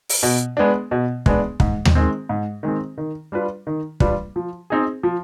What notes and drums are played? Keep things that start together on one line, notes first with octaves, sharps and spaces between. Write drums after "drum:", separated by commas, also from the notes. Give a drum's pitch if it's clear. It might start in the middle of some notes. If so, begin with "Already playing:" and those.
drum: open hi-hat
B2
G#3 B3 D4
B2
G#3 B3 D4, drum: kick
G#2, drum: kick
drum: tom D#2
D#3 G#3 C4
G#2
D#3 G#3 C4
D#3
G3 D4 F4 B4
D#3
G3 D4 F4 B4, drum: kick
F3
C4 D#4 G#4
F3